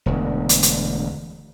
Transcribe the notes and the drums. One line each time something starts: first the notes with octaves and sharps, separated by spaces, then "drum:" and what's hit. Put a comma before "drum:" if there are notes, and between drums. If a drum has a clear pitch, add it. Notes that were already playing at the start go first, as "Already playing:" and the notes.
E1 D2
drum: hi-hat
drum: hi-hat